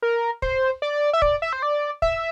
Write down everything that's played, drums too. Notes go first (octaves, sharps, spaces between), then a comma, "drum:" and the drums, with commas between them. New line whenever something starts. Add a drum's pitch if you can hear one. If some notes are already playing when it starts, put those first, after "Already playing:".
A#4
C5, drum: kick
D5
E5
D5, drum: kick
E5
C5
D5
E5, drum: kick